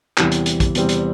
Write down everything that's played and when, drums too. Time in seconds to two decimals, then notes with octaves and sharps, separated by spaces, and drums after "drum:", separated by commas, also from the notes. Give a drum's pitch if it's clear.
0.18 E2 C3 E3 G3 C4, drum: clap
0.32 drum: hi-hat
0.46 drum: hi-hat
0.60 drum: kick, hi-hat
0.75 E2 C3 E3 G3 C4, drum: hi-hat
0.89 drum: hi-hat